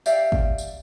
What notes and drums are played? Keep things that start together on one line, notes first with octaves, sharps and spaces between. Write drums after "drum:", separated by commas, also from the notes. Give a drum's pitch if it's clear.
G4 D5 E5 F5, drum: tambourine
drum: kick
drum: tambourine